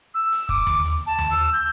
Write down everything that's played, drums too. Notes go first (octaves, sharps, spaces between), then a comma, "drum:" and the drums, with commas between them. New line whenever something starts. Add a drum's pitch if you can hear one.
E6
drum: hi-hat
D6, drum: kick
drum: tom D#2
drum: hi-hat
A5
drum: tom D#2
E6
G6